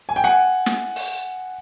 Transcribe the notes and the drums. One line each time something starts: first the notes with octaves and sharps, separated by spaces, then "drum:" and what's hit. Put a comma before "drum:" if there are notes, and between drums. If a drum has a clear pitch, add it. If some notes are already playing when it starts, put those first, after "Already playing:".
G#5
G5
F#5 G#5
drum: snare
drum: open hi-hat